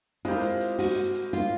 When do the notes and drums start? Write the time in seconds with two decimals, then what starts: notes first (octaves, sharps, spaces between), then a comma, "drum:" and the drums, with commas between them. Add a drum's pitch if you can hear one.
0.25 G#3 C4 E4 F4 G4 A#4, drum: hi-hat
0.43 drum: hi-hat
0.61 drum: hi-hat
0.79 F#4, drum: open hi-hat
0.97 drum: hi-hat
1.15 drum: hi-hat
1.33 F4, drum: hi-hat